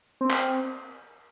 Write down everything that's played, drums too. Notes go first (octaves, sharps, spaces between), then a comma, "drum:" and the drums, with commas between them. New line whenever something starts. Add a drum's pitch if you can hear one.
C4
drum: clap